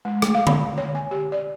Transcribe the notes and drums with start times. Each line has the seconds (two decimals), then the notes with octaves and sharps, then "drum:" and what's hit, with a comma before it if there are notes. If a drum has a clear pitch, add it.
0.05 G#3
0.22 A3, drum: rim click
0.35 F5
0.47 B5, drum: tom D3
0.78 C#5
0.95 G#5
1.11 G4
1.32 D5